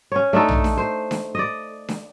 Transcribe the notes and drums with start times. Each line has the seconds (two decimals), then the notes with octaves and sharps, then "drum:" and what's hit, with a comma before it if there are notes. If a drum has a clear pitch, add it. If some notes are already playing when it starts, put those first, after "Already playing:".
0.12 C#4 C#5
0.33 A3 D4 D#4 A4
0.49 drum: tom A#1
0.64 drum: snare D4
0.77 C5
1.11 drum: snare D4
1.35 D5 D#5
1.89 drum: snare D4